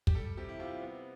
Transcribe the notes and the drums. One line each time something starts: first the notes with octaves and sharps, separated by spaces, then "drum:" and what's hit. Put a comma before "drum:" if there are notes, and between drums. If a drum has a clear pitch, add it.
G4, drum: kick
G3 A4
C3 G4
E4
C3 F4
B3